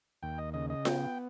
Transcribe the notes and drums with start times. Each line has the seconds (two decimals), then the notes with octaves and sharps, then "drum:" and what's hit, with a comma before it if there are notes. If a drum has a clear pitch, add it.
0.23 D#2 G5
0.38 D#5
0.54 C#3 D#5
0.70 D#5
0.85 B3 G5, drum: snare F4